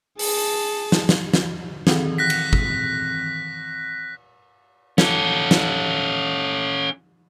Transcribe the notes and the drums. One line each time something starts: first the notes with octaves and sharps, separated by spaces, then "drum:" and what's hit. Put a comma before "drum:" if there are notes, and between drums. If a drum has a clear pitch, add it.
G#4 A5, drum: open hi-hat
drum: snare
drum: snare
drum: snare
D#3 E3 C4, drum: snare
F#6 A#6 B6
drum: cymbal
drum: kick
C#4 A4, drum: snare
drum: snare